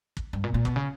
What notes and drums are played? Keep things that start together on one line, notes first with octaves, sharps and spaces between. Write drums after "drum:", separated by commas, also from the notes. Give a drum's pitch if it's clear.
drum: kick
G2
A#2
A#2
B2, drum: kick
C#3